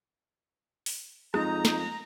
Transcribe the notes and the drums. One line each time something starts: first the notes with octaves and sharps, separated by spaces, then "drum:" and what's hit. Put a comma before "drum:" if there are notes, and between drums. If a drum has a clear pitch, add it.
drum: open hi-hat
F2 G#3 D#4 A#5 D#6, drum: rim click
drum: snare